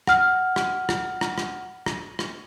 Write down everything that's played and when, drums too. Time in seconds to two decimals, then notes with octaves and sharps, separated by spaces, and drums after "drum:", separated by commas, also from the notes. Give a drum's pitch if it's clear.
0.07 F#5 F6, drum: rim click
0.56 drum: rim click
0.89 drum: rim click
1.21 drum: rim click
1.38 drum: rim click
1.86 drum: rim click
2.19 drum: rim click